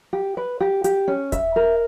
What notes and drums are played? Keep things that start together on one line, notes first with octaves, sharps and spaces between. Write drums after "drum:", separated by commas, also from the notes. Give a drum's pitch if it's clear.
G4
B4
G4
G4, drum: hi-hat
C#4
E5, drum: kick D#1, hi-hat
A#4